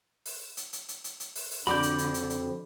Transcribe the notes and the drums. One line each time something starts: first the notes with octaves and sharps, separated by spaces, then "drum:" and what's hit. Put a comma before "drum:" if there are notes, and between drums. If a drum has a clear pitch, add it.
drum: open hi-hat
drum: hi-hat
drum: hi-hat
drum: hi-hat
drum: hi-hat
drum: hi-hat
drum: open hi-hat
drum: open hi-hat
F2 D3 F#4 D5 B5 D6 G6
drum: hi-hat
drum: hi-hat
drum: hi-hat
drum: hi-hat